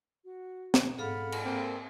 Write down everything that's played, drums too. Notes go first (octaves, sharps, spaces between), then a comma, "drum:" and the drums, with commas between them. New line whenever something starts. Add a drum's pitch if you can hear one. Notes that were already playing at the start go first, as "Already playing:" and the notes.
F#4
drum: snare
G#2 G#4 A4 F5 F#5 B5 F6
drum: cymbal
A#3 C4